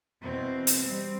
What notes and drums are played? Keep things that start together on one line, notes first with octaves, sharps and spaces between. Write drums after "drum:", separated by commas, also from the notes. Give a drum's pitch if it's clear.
E2 B2 C4
drum: hi-hat
G3 C4